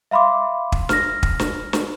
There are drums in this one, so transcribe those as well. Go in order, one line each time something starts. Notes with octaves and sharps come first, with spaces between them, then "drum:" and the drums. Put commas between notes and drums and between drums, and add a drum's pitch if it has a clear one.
E5 F5 B5 C6 D6
drum: kick
F6 A#6, drum: snare
drum: kick
drum: snare
drum: snare